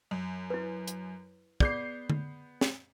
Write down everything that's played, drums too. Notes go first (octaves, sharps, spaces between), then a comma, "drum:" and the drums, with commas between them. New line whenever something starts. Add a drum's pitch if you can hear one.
F#2
E4 B4
drum: hi-hat
B3 G#4 D5 G6 C7, drum: kick
drum: tom D3
drum: snare